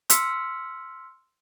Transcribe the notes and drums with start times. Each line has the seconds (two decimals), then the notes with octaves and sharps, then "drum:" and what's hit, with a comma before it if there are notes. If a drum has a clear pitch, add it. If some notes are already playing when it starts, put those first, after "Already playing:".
0.10 C6 E6 F6 B6 C#7, drum: hi-hat